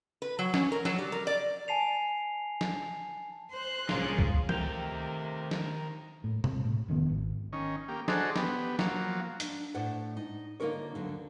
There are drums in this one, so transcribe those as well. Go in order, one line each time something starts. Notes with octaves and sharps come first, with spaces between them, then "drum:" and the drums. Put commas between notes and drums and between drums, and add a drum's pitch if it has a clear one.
B4
F#3
C#4, drum: snare
A#4
F#3, drum: snare
G3
A#4
D5
G#5 A5 C7 F7
drum: snare
C5 C6 F#6
C2 F3 A#3 C#4 F4 G#4, drum: snare
drum: kick C#2
C3 D#3 A3 A#4 F5 G5, drum: tom D#3
drum: snare
A2
C3, drum: tom B2
A2
E1 D#3 G#3 B3
G#1
D#3 C#4
A#3 G4
D4 D#4 F#4 G#4 A4 C5, drum: snare
B3 G4, drum: snare
F3 F#3 A#3, drum: snare
D4, drum: hi-hat
A2 A3 D4 C5 F#5
D#4
D3 A#3 D#4 F4 A#4 C#5
D2 D3 F#3 C5